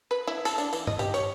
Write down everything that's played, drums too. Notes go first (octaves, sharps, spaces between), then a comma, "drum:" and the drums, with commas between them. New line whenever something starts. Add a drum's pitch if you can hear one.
B4
E4
A4, drum: tambourine
D4, drum: tambourine
E3, drum: tambourine
D#5, drum: tom G2
G4, drum: tambourine
C#5, drum: tambourine